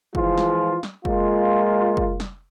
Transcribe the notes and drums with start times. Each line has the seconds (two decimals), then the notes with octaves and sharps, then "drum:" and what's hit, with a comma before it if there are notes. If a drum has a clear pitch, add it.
0.15 E3 F3 G#3 F4, drum: kick
0.38 drum: snare
0.83 drum: snare
1.05 G#3 A#3 F4, drum: kick
1.97 drum: kick
2.20 drum: snare